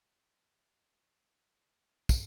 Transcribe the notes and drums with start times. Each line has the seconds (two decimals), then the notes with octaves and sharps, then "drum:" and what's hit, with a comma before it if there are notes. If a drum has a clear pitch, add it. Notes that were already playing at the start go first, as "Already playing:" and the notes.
Already playing: G#3 F#4
0.11 G#2
0.28 B3
0.46 F#4
0.62 G#3
0.79 A2
0.97 F#3
1.15 A2
1.32 A3
1.49 A2
1.66 F#3
2.09 drum: kick, tambourine